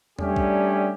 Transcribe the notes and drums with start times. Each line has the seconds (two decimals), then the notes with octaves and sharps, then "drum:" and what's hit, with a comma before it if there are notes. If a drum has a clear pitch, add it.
0.19 G3 A3 C#4 D4 G4 G#4, drum: tom E2
0.36 drum: kick